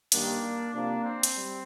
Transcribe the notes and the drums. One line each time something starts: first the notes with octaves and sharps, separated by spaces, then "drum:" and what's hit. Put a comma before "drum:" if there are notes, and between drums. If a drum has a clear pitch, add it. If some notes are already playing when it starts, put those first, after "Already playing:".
G2 D#3 G3 A#3 D4, drum: hi-hat
C3 F3 A#3 D4
C4
drum: hi-hat
G3